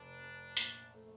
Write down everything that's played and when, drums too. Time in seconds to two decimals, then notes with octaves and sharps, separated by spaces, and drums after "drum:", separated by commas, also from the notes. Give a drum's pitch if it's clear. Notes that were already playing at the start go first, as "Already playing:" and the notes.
Already playing: F1 D4
0.18 F2
0.57 A#1, drum: hi-hat
0.94 A3